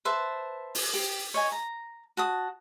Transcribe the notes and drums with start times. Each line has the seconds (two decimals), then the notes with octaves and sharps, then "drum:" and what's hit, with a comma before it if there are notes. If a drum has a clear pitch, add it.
0.05 B4 C5 E5 A5
0.75 drum: open hi-hat
0.94 G4
1.34 C#5 D#5 G#5
1.52 A#5
2.17 F#4 A5 D#6